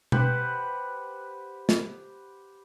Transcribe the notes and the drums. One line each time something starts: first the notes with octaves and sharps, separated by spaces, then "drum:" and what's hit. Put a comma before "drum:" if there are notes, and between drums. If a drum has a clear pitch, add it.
G4 B4 C5 F#5, drum: tom B2
drum: snare